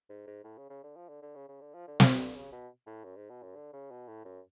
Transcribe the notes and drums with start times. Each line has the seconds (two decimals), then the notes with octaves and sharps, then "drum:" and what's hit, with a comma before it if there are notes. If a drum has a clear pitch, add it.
0.10 G#2
0.27 G#2
0.44 A2
0.58 C#3
0.70 C#3
0.83 D3
0.96 F3
1.09 D3
1.22 D3
1.35 C#3
1.48 C#3
1.61 D3
1.74 F3
1.87 D3
2.00 F3, drum: snare
2.18 D3
2.35 C#3
2.52 B2
2.86 A2
3.04 F#2
3.16 G#2
3.30 B2
3.42 F#2
3.56 D3
3.73 C#3
3.91 B2
4.08 A2
4.25 F#2